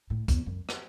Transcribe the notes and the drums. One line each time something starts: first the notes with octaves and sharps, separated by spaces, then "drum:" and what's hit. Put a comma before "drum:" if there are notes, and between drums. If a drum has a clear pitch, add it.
A2
E2, drum: kick C2, hi-hat
F#2
drum: rim click